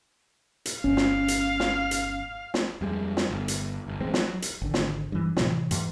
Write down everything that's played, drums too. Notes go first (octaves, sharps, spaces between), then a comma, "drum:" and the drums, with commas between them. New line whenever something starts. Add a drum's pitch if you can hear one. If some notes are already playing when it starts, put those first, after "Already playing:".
drum: hi-hat
G1 C#4 F5
drum: snare
drum: hi-hat
drum: snare
drum: hi-hat
drum: snare
F2 G3 G#3
drum: snare
G1
drum: hi-hat
G1
A1 E3 G#3 C4
F#3, drum: snare
drum: hi-hat
G#1 D3
drum: snare
G2 E3
A2 C3 E3 F#3, drum: snare
E2 G#2, drum: hi-hat